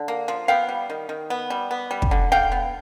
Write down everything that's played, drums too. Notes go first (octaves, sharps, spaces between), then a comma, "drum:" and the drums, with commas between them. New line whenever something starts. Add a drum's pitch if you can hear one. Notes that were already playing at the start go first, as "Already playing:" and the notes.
Already playing: D3
A#3
F3
B3 F5 G5
G3
D#3
D#3
B3
G3
B3
G3
drum: kick
D3
D3 F5 G5
B3